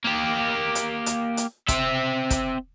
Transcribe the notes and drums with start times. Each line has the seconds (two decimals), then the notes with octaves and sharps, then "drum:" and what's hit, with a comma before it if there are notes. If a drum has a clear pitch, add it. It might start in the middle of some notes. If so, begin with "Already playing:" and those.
0.04 A#3 G4
0.75 drum: hi-hat
1.06 drum: hi-hat
1.37 drum: hi-hat
1.68 C4 E5, drum: kick, hi-hat
2.30 drum: kick, hi-hat